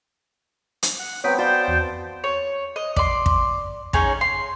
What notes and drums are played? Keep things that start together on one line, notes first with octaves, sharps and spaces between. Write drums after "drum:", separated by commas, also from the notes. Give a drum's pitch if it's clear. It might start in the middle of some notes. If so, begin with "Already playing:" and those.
drum: hi-hat
F#5
F#3 B3 C4 C#5 G5 D#6 B6
F#4 C5 D5 F5 G5 A5 G6
E2
C#5
D#5
D5 C6, drum: kick
drum: kick
C#4 D#4 G#4 C#5, drum: kick
C6